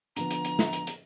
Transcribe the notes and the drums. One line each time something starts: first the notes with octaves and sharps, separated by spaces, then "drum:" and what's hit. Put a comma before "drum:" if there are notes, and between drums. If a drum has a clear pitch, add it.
D3 F3 B3 A#5, drum: hi-hat
drum: hi-hat
drum: hi-hat
drum: snare
drum: hi-hat
drum: hi-hat